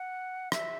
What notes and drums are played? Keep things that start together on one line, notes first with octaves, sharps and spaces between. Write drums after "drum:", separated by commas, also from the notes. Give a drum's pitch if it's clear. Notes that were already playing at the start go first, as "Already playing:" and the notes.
Already playing: F#5
E5, drum: rim click